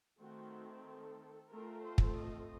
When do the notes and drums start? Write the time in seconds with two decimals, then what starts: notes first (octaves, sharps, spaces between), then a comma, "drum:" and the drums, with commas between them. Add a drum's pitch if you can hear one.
0.21 D#3 A3 C4 F#4
0.87 A4
1.52 A3 C4 F4 A#4
1.85 C5
1.98 drum: kick
2.18 D#5